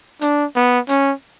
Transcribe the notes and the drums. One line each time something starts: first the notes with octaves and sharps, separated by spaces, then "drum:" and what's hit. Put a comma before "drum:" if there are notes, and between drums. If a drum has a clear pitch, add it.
D4, drum: hi-hat
B3
C#4, drum: hi-hat